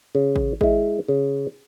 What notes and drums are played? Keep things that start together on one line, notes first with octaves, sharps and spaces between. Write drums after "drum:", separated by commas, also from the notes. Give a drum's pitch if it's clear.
C#3
drum: kick
G#3 E4, drum: kick
C#3